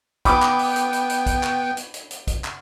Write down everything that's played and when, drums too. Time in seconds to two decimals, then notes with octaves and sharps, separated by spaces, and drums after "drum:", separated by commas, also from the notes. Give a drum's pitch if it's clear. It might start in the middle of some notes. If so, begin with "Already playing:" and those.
0.25 B3 G5 B5 D6 D#6, drum: kick, hi-hat
0.42 drum: clap
0.59 drum: open hi-hat
0.76 drum: hi-hat
0.93 drum: hi-hat
1.10 drum: hi-hat
1.26 drum: kick, hi-hat
1.43 drum: clap
1.77 drum: hi-hat
1.94 drum: hi-hat
2.11 drum: hi-hat
2.27 drum: kick, hi-hat
2.44 drum: clap